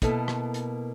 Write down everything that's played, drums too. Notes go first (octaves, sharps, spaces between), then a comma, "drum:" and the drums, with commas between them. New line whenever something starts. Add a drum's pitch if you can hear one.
B2 A#3 B3 E4 A4, drum: kick, hi-hat
drum: rim click
drum: hi-hat